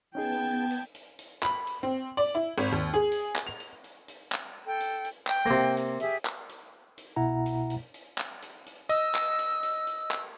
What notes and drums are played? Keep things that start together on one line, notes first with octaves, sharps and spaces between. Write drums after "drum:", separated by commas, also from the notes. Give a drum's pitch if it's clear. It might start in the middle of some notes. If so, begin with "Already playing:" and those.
B3 C#4 D#4 G#4 G5 A5 G#6
drum: hi-hat
drum: hi-hat
drum: hi-hat
B5, drum: clap
drum: hi-hat
C4
D5, drum: hi-hat
E4
G#1
D#2
G#4
drum: hi-hat
drum: clap
F7
drum: hi-hat
drum: hi-hat
drum: hi-hat
drum: clap
A4 G5
drum: hi-hat
drum: hi-hat
G5, drum: clap
C3 A#3
drum: hi-hat
G4 G#4 E5, drum: hi-hat
drum: clap
drum: hi-hat
drum: hi-hat
C2 B2 E4 E5 F#5 A#5
drum: hi-hat
drum: hi-hat
drum: hi-hat
drum: clap
drum: hi-hat
drum: hi-hat
D#5 E6, drum: hi-hat
drum: clap
drum: hi-hat
drum: hi-hat
drum: hi-hat
drum: clap